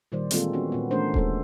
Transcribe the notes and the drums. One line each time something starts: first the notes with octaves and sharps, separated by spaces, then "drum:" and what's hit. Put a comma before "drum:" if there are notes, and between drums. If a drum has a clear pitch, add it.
A#2 D#3 G3 C5 D5
E3 G#3 A#3 C4 F4 A4, drum: hi-hat
B3 C#4 F#4
A#2 B3
E3 A3 C#4 D4 A#4 C5
G#3 A4 C5, drum: kick D#1